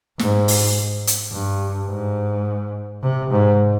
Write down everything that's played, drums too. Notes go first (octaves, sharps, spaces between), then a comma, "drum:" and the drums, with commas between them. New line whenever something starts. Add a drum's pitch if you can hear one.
G#2, drum: snare
drum: open hi-hat
drum: hi-hat
G2
G#2
C3
G#2